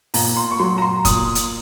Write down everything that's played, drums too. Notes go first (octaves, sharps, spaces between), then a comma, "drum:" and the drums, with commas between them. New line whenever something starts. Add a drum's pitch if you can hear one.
A#2 A#5, drum: open hi-hat
C6
C#6
F#3 C6
A#5
C6
A#2 D#6, drum: kick, hi-hat
drum: hi-hat